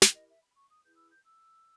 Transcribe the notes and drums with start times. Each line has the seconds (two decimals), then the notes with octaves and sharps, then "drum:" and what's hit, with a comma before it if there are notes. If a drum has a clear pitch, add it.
0.02 E4 G4 A#4 G5, drum: snare
0.15 D#5
0.29 E5
0.42 B5
0.57 C#6
0.70 D#6
0.83 E4 G#4 B4 G6
0.97 E6
1.11 G6
1.24 E6